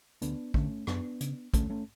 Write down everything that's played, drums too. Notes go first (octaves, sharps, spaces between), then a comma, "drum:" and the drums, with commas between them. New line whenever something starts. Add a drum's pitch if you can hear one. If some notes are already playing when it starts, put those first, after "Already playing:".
D2 B3 D4, drum: hi-hat
D3 A3 C#4, drum: kick
F#2 B3 D4, drum: rim click
C#3, drum: hi-hat
D2 A3 C#4, drum: kick, hi-hat
A3 C#4